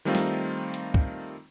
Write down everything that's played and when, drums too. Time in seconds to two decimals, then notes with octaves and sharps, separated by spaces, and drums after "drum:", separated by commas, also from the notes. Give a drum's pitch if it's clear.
0.05 D#3 G3 A3 C4 D#4 F4
0.15 drum: snare
0.74 drum: hi-hat
0.94 drum: kick